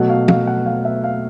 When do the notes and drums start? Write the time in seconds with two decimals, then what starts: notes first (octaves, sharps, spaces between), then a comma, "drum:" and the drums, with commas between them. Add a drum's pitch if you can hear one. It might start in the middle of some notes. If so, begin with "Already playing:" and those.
Already playing: B2 F#3 A3 F#5
0.10 F5
0.28 F5, drum: tom
0.47 F#5
0.66 F5
0.85 E5
1.04 F5